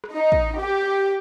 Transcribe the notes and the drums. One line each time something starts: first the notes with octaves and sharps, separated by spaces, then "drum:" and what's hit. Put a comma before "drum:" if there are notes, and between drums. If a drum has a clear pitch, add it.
drum: rim click
D#4
drum: kick
G4